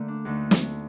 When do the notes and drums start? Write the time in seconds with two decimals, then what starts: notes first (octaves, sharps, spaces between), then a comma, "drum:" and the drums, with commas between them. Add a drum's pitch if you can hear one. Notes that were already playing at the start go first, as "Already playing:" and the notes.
Already playing: D3 A3 A#3
0.08 D4
0.25 D2 D3 A3 D#4
0.51 drum: snare